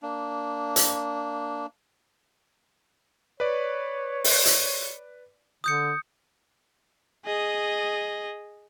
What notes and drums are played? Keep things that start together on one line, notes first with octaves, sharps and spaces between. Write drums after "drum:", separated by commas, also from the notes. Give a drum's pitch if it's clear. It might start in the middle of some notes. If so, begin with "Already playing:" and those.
A#3 D4
drum: hi-hat
B4 C#5 D5
drum: open hi-hat
drum: hi-hat
D3 D#6 G6 C#7
G#4 D#5